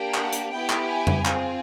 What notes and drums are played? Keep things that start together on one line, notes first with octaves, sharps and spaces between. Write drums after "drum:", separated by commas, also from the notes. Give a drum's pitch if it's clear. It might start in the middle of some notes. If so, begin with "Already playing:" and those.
Already playing: A#3 D4 G4
F#5, drum: clap
drum: hi-hat
B3 E4 G4 G5
drum: clap
G#5
drum: tom
C4 F4 G#4, drum: clap